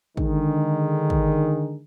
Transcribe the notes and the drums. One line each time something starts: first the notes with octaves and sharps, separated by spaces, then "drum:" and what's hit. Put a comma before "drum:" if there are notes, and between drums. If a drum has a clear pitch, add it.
D3 D#3 G#3 D#4, drum: kick
drum: kick